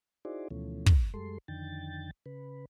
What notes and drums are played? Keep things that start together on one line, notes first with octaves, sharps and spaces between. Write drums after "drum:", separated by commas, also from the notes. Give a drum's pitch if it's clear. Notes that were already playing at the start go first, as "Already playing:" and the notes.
D#4 E4 F#4 G#4 C5 D5
D2 B2 E3 F3 A3 C#4
drum: kick
F#2 G3 G#3 A4 C6
F2 D3 D#3 G5 A6
C#3 B4